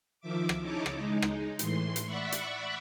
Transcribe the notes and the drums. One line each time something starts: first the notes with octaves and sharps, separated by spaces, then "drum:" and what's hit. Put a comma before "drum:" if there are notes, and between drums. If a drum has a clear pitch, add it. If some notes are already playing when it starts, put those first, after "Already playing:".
D#3 F3 E5 D6
drum: rim click
C#3 D#4 E4 C#5 A5 D6
drum: rim click
G#3 D#4
drum: rim click
A2 E3 C6, drum: hi-hat
drum: hi-hat
D5 E5 F#5 B5 C#6
drum: hi-hat